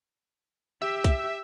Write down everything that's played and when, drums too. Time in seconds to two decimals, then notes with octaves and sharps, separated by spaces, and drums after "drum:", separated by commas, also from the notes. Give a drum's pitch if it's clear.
0.82 G4 E5
1.04 drum: kick, hi-hat